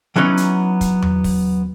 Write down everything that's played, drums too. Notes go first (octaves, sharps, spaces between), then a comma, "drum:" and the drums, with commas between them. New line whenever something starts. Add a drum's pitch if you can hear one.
E3 F#3 B3 C#4 D#4
drum: hi-hat
drum: kick, hi-hat
drum: tom E2
drum: kick, open hi-hat